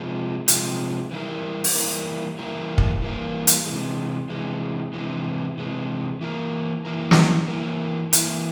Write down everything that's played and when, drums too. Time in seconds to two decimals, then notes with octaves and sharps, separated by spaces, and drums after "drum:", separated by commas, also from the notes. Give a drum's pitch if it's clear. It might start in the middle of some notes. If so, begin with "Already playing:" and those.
Already playing: C3 F3 G#3
0.48 C3 F3 G#3, drum: hi-hat
1.11 E3 G3 A#3 E4 A#4
1.64 drum: open hi-hat
1.75 E3 G3 A#3 E4 A#4
2.39 E3 G3 A#3 E4 A#4
2.78 drum: kick
3.02 E3 G3 A#3 E4 A#4
3.47 drum: hi-hat
3.66 C3 E3 G#3
4.30 C3 E3 G#3
4.93 C3 E3 G#3
5.58 C3 E3 G#3
6.21 E3 A#3 E4 A#4
6.85 E3 A#3 E4 A#4
7.11 drum: snare
7.48 E3 A#3 E4 A#4
8.13 E3 A#3 E4 A#4, drum: hi-hat